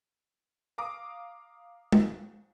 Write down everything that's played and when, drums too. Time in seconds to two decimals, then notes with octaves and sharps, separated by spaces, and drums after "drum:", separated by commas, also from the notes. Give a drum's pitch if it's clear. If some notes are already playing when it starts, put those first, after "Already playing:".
0.78 F5 A#5 D6 D#6
1.92 drum: tom